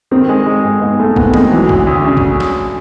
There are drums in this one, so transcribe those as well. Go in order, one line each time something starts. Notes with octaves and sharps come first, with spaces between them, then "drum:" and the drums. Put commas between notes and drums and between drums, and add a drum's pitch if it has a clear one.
D#3 C4
G#3
G#3
G#2
G#2 B3
G#3 A3
D#3 B3, drum: kick
G#3 C4, drum: tom D#3
E3 F#3
D2, drum: kick
D2
C#3
drum: kick
drum: snare